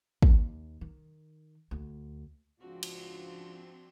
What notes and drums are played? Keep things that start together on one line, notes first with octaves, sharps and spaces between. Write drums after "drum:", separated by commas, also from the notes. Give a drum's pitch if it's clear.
D#2, drum: kick
D#3
D2
C#2 G#2 F3 C4 D4 F4 F#4
drum: cymbal